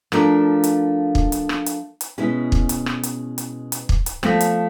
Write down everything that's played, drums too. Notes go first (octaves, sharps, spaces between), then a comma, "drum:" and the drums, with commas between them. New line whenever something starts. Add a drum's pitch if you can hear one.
F3 A3 D4 F4 A#4, drum: rim click
drum: hi-hat
drum: kick
drum: hi-hat
drum: rim click
drum: hi-hat
drum: hi-hat
B2 G#3 C#4 E4 G#4
drum: kick
drum: hi-hat
drum: rim click
drum: hi-hat
drum: hi-hat
drum: hi-hat
drum: kick
drum: hi-hat
F3 A3 C4, drum: rim click
drum: hi-hat